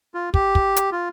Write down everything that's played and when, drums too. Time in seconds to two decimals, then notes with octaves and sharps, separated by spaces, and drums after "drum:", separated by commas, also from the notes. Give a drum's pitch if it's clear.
0.14 F4
0.34 G4, drum: kick
0.55 drum: kick
0.76 drum: hi-hat
0.92 F4